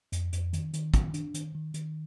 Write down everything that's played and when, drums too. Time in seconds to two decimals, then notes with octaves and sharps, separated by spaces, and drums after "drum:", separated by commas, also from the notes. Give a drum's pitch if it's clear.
0.12 F2, drum: hi-hat
0.33 F2, drum: hi-hat
0.53 D#3, drum: hi-hat
0.74 D#3, drum: hi-hat
0.94 D#3, drum: kick, hi-hat
1.14 D4, drum: hi-hat
1.34 D#3, drum: hi-hat
1.55 D#3
1.74 D#3, drum: hi-hat